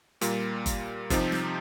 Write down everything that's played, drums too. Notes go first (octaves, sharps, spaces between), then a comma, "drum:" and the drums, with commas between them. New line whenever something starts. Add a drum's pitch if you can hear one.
A#2 G3 A#3 F4, drum: hi-hat
drum: kick G1, hi-hat
C3 F3 C4 D#4 G4, drum: kick G1, hi-hat
drum: snare